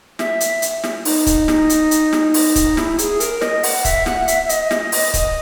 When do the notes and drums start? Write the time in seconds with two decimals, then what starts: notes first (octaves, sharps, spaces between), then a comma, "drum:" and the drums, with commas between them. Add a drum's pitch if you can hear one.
0.19 E5, drum: snare
0.41 drum: hi-hat
0.62 drum: hi-hat
0.84 drum: snare
1.05 D#4, drum: open hi-hat
1.27 drum: kick C#1, hi-hat
1.48 drum: snare
1.70 drum: hi-hat
1.91 drum: hi-hat
2.13 drum: snare
2.34 drum: open hi-hat
2.56 drum: kick C#1, hi-hat
2.77 E4, drum: snare
2.99 G#4, drum: hi-hat
3.20 A#4, drum: hi-hat
3.41 D#5, drum: snare
3.63 F#5, drum: open hi-hat
3.85 E5, drum: kick C#1, hi-hat
4.06 F#5, drum: snare
4.28 E5, drum: hi-hat
4.45 E5
4.49 D#5, drum: hi-hat
4.71 drum: snare
4.92 drum: open hi-hat
5.14 drum: kick C#1, hi-hat